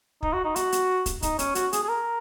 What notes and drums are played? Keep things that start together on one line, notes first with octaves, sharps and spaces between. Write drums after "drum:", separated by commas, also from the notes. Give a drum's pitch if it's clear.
D#4, drum: kick
F#4
D#4
F#4, drum: hi-hat
drum: hi-hat
drum: kick, hi-hat
D#4, drum: kick, hi-hat
C#4, drum: hi-hat
F#4, drum: hi-hat
G#4, drum: hi-hat
G#4
A#4